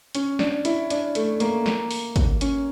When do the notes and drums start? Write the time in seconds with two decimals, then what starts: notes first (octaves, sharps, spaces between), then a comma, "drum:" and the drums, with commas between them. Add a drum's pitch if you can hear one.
0.15 C#4, drum: hi-hat
0.39 D4, drum: snare
0.65 E4, drum: hi-hat
0.90 D4, drum: hi-hat
1.15 A3, drum: hi-hat
1.40 A#3, drum: hi-hat
1.66 A#3, drum: snare
1.91 drum: open hi-hat
2.16 drum: kick, hi-hat
2.41 C#4, drum: hi-hat